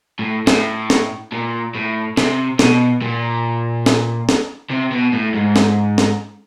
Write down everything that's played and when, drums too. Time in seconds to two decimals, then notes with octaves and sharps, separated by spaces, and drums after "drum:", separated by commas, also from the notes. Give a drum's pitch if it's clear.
0.19 A2
0.47 A2, drum: snare
0.90 drum: snare
1.32 A#2
1.75 A2
2.17 C3, drum: snare
2.59 B2, drum: snare
3.02 A#2
3.86 drum: snare
4.29 drum: snare
4.70 C3
4.92 B2
5.13 A2
5.34 G#2
5.56 drum: snare
5.98 drum: snare